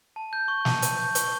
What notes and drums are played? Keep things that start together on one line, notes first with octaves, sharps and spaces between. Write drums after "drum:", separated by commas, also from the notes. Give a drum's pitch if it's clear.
A5
G6
C#6
A5, drum: snare
A5, drum: hi-hat
G6
C#6, drum: hi-hat